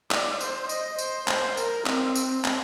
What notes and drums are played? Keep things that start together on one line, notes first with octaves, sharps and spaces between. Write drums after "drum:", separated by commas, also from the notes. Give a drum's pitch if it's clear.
D5, drum: clap
C5, drum: tambourine
D#5, drum: tambourine
C5, drum: tambourine
C5, drum: clap
A#4, drum: tambourine
C4, drum: clap
drum: tambourine
drum: clap